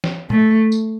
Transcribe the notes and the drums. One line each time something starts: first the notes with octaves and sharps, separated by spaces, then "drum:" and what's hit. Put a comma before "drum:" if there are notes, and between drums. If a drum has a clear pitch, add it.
drum: snare
A3, drum: tom A#2
drum: tambourine